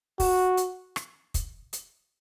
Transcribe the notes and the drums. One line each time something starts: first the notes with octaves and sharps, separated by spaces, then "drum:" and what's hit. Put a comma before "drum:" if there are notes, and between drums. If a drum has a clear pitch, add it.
F#4, drum: kick, open hi-hat
drum: hi-hat
drum: rim click
drum: kick, hi-hat
drum: hi-hat